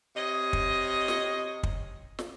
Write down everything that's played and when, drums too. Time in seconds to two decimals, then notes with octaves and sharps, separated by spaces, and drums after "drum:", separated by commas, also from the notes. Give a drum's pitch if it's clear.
0.16 C3 C#5 D#5
0.53 drum: kick
1.08 drum: snare
1.63 drum: kick
2.19 drum: snare